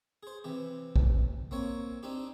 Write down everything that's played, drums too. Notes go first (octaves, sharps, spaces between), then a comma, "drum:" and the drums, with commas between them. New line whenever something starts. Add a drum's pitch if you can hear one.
G#4 C5
C3 E3 G4
drum: kick A#1
A#3 C4 C#5
C4 D4 D#4 G4